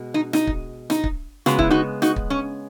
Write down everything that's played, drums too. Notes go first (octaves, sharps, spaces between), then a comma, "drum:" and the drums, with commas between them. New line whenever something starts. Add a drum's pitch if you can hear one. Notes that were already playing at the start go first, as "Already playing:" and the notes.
Already playing: B2 G#3
D#4
D#4, drum: snare
drum: kick
D#4, drum: snare
drum: kick
C#3 G#3 B3 F#4, drum: snare
E4, drum: kick
D#4 F#4
D#4 F#4, drum: snare
drum: kick
C#4